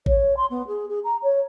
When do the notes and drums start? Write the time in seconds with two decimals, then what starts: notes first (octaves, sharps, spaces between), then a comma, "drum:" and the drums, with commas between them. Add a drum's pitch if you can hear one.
0.06 C#5, drum: kick A1
0.36 C6
0.50 B3
0.67 G#4
0.88 G#4
1.04 A#5
1.22 C#5